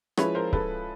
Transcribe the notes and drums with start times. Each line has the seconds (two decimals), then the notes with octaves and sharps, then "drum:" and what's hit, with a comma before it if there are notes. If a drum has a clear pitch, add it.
0.17 F3 G#3 C#4 E4 B4 C#5, drum: rim click
0.35 A#4 C5
0.53 A4 B4, drum: kick C#1